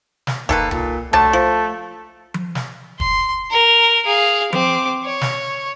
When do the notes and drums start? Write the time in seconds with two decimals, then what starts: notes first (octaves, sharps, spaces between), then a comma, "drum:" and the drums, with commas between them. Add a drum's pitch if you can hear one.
0.27 drum: snare
0.49 D#3 A#3 A4 B4, drum: kick E1
0.71 A#2, drum: tom C2
1.13 D3 F#3 A3 A5, drum: tom C2
1.33 F3
2.34 drum: tom F3
2.55 drum: snare
3.00 C6, drum: kick E1
3.51 A#4
4.06 G#4 F5
4.53 C4 D6, drum: tom F3
5.04 C#5
5.21 drum: snare